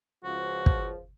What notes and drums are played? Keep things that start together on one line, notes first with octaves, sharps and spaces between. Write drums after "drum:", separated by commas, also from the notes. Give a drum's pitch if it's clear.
C#2 F3 F#4
drum: kick